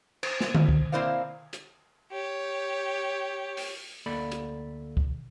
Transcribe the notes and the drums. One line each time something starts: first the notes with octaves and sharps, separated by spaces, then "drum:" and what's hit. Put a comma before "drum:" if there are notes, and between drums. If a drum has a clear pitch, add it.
C5, drum: cymbal
drum: snare
drum: tom D3
drum: kick
A#3 C4 E4 C5 D5 F5
drum: hi-hat
G4 C#5
drum: open hi-hat
D2 A#3 A4 D5 B5
drum: hi-hat
drum: kick